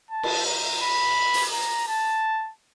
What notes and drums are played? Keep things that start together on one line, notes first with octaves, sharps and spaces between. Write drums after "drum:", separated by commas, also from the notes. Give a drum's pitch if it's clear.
A5
drum: cymbal
A#5
B5
drum: open hi-hat
A#5
A5